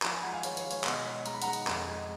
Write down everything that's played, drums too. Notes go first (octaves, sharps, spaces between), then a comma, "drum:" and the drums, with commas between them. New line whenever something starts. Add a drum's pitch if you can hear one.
F3 A#5 C#6, drum: clap
G#5 B5
G#3 F#5 A#5
F5 G#5
G#3 C#5 F5, drum: hi-hat
C#5 F5, drum: hi-hat
G#3
C#5 F5, drum: hi-hat
B2 D#5 F#5, drum: clap
G#3
G#3 A#5, drum: hi-hat
B5
G#3 F#5 A#5, drum: hi-hat
drum: hi-hat
F2, drum: clap
G#3